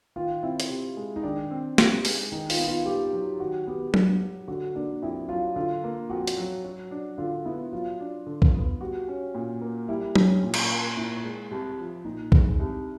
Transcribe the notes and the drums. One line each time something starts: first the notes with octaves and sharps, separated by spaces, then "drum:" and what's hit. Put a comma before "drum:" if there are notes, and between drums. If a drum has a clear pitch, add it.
D#3 F4
C4 E4
drum: hi-hat
C3
G#3
D#4
D#3 D4
C4
C3, drum: snare
G#3, drum: open hi-hat
D#3 D#4
F4, drum: open hi-hat
B3
F4
G2 G4
F#3
D#3 F#4
B3 G4
G2, drum: tom F#3
F#3
D3 F#4
A#3 D4
F2 E4
F#3 F4
D3 F4
A#3
F2 F#4
drum: hi-hat
F#3
F#3
D4
D3 F4
B3 E4
F#3 F4
D4
D3
drum: kick B1
B3
G3 F#4
C#4
A#2
A#3
G3 E4
C#4, drum: tom F#3
A#2
drum: cymbal
A#3
A#2 E4
G#3
C2
F3
A#2 D#4
G#3, drum: kick B1
C2